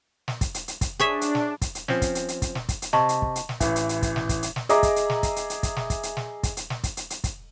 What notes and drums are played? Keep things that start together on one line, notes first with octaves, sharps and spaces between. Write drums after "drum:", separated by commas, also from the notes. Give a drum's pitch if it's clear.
drum: snare
drum: kick, hi-hat
drum: hi-hat
drum: hi-hat
drum: kick, hi-hat
D4 G#4 C#5 E5
drum: hi-hat
drum: snare
drum: kick, hi-hat
drum: hi-hat
F3 C4 C#4, drum: snare
drum: kick, hi-hat
drum: hi-hat
drum: hi-hat
drum: kick, hi-hat
drum: snare
drum: kick, hi-hat
drum: hi-hat
C3 D#5 A5 C#6, drum: snare
drum: hi-hat
drum: kick
drum: hi-hat
drum: snare
A1 E3, drum: kick, hi-hat
drum: hi-hat
drum: hi-hat
drum: kick, hi-hat
drum: snare
drum: kick, hi-hat
drum: hi-hat
drum: snare
G#4 D#5 E5 A#5 D6, drum: hi-hat
drum: kick, hi-hat
drum: hi-hat
drum: snare
drum: kick, hi-hat
drum: hi-hat
drum: hi-hat
drum: kick, hi-hat
drum: snare
drum: kick, hi-hat
drum: hi-hat
drum: snare
drum: kick, hi-hat
drum: hi-hat
drum: snare
drum: kick, hi-hat
drum: hi-hat
drum: hi-hat
drum: kick, hi-hat